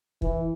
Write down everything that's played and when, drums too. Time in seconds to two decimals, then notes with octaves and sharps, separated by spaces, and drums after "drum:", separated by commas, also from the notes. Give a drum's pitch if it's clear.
0.22 E3, drum: kick